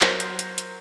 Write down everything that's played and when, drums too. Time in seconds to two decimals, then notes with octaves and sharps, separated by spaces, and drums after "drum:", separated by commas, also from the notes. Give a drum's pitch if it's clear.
0.01 F#3 A#4 C5, drum: clap
0.20 drum: hi-hat
0.39 drum: hi-hat
0.58 drum: hi-hat